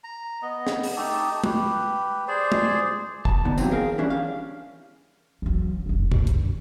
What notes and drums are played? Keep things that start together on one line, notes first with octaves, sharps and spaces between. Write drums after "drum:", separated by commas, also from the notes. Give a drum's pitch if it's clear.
A#5
B3 D#5
drum: snare
drum: open hi-hat
A3 D#4 G4 A4
G4 B4, drum: tom
G#4 C5 D5
drum: tom
A5, drum: kick
D3 B3 D#4
D#2 A2 E3 F#3 B3 C4, drum: tambourine
G#4 A#4 F5
E3 G3 C#4 D4 E4
F5
E3 F#3
F1 F#2
F#2, drum: tom
D3, drum: hi-hat